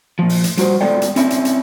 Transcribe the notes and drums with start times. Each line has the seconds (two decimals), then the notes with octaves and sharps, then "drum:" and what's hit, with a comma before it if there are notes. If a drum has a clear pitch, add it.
0.19 A#2 F3
0.29 drum: open hi-hat
0.44 drum: hi-hat
0.58 G3 F4 F#4 C5, drum: hi-hat
0.81 G#3 B3 F4 A4 D5 G5
1.02 drum: hi-hat
1.16 C4 C#4 E4, drum: hi-hat
1.30 drum: hi-hat
1.45 drum: hi-hat